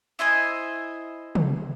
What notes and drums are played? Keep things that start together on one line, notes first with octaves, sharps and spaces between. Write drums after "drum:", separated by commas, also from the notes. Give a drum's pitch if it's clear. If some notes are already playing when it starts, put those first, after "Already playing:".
E4 C5 D#5 G#5
drum: tom